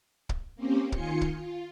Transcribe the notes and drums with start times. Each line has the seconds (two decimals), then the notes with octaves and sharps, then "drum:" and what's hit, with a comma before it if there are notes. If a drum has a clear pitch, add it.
0.29 drum: kick
0.56 A#3 C4 C#4 G4
0.92 D#3 F4 G#5 C6 C#7, drum: kick
1.21 drum: kick
1.37 F4